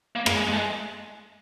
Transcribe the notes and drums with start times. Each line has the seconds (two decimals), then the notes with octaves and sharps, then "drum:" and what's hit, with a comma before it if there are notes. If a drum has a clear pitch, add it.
0.16 A#3
0.26 A#3, drum: rim click
0.36 G#3
0.47 G#3
0.53 A3
0.58 G#3